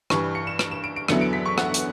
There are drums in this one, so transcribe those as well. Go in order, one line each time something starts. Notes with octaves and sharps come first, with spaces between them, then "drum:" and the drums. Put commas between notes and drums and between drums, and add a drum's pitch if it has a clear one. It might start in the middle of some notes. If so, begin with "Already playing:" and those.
G2 E3 G3 C#6, drum: rim click
C#7
E7
D7, drum: rim click
E7
D7
D7
E2 D3 F#3 B3 E4 C#7, drum: rim click
D7
B6
C#6
F#5, drum: rim click
drum: hi-hat